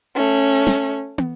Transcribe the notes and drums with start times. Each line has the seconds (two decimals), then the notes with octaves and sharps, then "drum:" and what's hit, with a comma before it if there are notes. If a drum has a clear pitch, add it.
0.16 A3 C#4
0.67 drum: snare
1.18 drum: tom